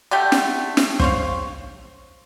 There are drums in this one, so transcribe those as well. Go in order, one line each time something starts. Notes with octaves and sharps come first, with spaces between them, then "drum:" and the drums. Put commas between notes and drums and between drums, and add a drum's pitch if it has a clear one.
D3 A3 G4 G5
drum: snare
drum: snare
C5 C#5 F5, drum: kick